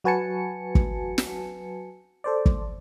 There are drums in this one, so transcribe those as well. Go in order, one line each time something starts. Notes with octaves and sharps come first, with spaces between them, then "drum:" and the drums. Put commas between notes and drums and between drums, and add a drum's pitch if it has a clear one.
F#3 F#4 B4 G#5 A5 C#7
drum: kick
drum: snare
A4 C5 D5
drum: kick